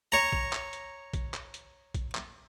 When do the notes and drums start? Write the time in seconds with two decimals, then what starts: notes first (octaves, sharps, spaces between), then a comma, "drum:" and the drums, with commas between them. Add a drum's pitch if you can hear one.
0.12 C#5 A#5
0.32 drum: kick A#1
0.53 drum: clap
0.73 drum: hi-hat
1.13 drum: kick A#1, hi-hat
1.34 drum: clap
1.54 drum: hi-hat
1.94 drum: kick A#1, hi-hat
2.15 drum: clap